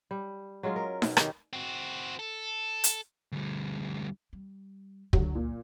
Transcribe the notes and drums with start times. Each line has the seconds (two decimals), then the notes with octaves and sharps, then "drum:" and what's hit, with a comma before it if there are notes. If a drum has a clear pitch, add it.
0.11 G3
0.63 F#3 G#3 C#4 F4
0.76 A#4
1.02 B2, drum: snare
1.17 D#3 C#4 D#4 G4, drum: rim click
1.53 C4 F#4
2.19 A4
2.84 drum: hi-hat
3.32 D2 G3
4.33 G3
5.13 F#1 C#2 D3 F#3, drum: kick
5.35 A#2